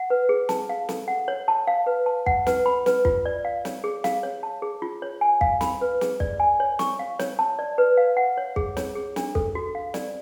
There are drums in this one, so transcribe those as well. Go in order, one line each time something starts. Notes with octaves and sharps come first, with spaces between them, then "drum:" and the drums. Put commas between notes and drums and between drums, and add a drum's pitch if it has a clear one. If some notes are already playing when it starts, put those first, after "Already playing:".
Already playing: F#5
B4
G#4
A5, drum: snare
F5
A4, drum: snare
F#5
C#5
A5
F5
B4
A5
F#5, drum: kick
B4, drum: snare
B5
B4, drum: snare
F4, drum: kick
D5
F5
C#5, drum: snare
G#4
F5, drum: snare
C#5
A5
G#4
F4
C#5
G#5
F5, drum: kick
B5, drum: snare
B4
G#4, drum: snare
D5, drum: kick
G#5
C#5
C#6, drum: snare
F5
C#5, drum: snare
A5
D5
B4
F5
F#5
C#5
G#4, drum: kick
C#5, drum: snare
G#4
D4, drum: snare
A4, drum: kick
F#4
F5
D5, drum: snare